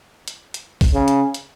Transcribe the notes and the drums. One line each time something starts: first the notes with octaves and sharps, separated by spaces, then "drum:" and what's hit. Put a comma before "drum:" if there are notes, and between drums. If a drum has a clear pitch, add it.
drum: hi-hat
drum: hi-hat
drum: kick, open hi-hat
C#3
drum: hi-hat
drum: hi-hat